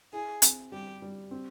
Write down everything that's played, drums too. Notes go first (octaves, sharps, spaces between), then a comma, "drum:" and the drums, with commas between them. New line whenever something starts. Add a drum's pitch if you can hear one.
E4 G#4
C4, drum: hi-hat
G3 G4
G3
C4